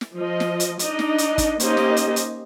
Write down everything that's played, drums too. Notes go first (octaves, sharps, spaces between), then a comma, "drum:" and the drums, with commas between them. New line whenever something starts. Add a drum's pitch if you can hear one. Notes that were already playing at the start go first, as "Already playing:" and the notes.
drum: snare
F3 D#5
drum: snare
drum: hi-hat
D4 D#4 D#5, drum: hi-hat
drum: snare
drum: hi-hat
drum: kick, hi-hat
A#3 C#4 D#4 G4 C5 D#5, drum: hi-hat
drum: snare
drum: hi-hat
drum: hi-hat